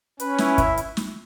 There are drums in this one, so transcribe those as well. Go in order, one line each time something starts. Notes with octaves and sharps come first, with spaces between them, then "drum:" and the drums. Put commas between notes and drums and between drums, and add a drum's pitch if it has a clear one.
C#4 B4, drum: hi-hat
E4, drum: snare
E5, drum: kick, hi-hat
drum: hi-hat
drum: snare